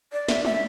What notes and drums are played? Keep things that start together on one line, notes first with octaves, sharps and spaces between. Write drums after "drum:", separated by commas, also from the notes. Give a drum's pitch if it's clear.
D5
E5, drum: snare
E5, drum: tom